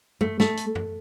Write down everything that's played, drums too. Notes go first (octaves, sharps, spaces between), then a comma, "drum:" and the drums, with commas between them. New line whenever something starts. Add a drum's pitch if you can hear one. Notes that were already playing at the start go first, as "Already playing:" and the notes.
A3, drum: tom F#2
A3, drum: snare
drum: hi-hat
drum: tom F#2